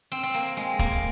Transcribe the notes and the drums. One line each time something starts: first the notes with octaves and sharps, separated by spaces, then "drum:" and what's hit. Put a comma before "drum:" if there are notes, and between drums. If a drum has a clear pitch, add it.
C4
C4
A#3
G#3
A#3, drum: kick